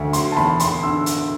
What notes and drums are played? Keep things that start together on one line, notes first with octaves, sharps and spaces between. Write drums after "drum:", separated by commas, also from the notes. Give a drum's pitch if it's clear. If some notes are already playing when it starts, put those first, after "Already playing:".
Already playing: D2
F#3 C6, drum: hi-hat
A5
E2 B5, drum: snare D#4
E2 C6, drum: hi-hat
D3 E6
drum: hi-hat